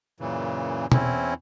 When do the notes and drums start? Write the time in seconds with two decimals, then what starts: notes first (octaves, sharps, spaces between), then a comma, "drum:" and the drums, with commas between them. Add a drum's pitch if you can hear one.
0.20 F#2 A#2 C#3 E3
0.92 E2 C4 C#4 E4, drum: tom